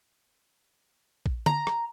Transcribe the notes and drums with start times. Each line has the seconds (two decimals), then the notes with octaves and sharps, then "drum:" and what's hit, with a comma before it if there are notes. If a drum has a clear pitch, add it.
1.26 drum: kick
1.46 A#5, drum: tom D3
1.67 drum: rim click